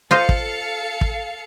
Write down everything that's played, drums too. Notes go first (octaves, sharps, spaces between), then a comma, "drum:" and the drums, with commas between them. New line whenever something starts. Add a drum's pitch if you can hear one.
F4 A4 C5 D#5 F5 C#7
drum: kick
drum: kick